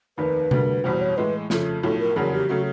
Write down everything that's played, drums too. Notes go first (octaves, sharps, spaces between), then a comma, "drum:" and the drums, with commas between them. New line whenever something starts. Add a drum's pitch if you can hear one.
F1 D#2 D#3 B4
D2 D3 G3 A#3, drum: tom C3
F#1 E2 B2 G3 C5
C#5
A2 E3 G#3 B4
F2 C#3 F3 A3, drum: snare
B1 A2 F3 A4
A#4
F1 E2 C#3 F#3 A#3 G#4
G4
C#3 F#3 A3 F#4